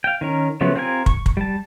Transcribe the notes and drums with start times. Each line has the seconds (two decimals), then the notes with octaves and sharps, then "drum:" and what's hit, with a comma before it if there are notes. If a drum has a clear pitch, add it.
0.04 F5 G5
0.21 D#3 C#4 A#4
0.61 C#3 F3 F#3 A3 B3
0.75 C4 F4 G4 A#4 G#5
1.06 C#6, drum: kick
1.26 drum: kick
1.37 G3 A5